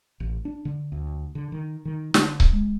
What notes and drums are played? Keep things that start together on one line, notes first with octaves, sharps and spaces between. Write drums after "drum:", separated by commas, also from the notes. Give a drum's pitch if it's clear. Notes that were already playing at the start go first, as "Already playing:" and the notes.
A1
D4
D3
D2
D3
D#3
D#3
D3, drum: snare
F#1, drum: kick C#1
G#3